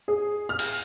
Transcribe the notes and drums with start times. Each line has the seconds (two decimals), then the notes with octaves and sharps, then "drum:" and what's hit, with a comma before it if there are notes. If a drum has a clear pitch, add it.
0.08 G#4
0.49 F6
0.59 drum: cymbal